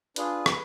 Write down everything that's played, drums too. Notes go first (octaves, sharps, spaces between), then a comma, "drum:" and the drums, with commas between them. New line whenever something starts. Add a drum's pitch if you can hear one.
D4 F4 G#4 B4, drum: hi-hat
drum: rim click